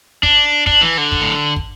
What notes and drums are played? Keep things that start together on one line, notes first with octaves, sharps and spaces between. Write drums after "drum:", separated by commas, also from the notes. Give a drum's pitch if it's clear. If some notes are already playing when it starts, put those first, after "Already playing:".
D4, drum: kick
D4, drum: kick
E3
D3
drum: kick
A2
drum: kick